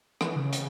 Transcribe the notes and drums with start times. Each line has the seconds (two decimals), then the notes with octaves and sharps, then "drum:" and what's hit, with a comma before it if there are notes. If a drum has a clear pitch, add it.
0.21 E3, drum: rim click
0.36 C#3
0.53 drum: hi-hat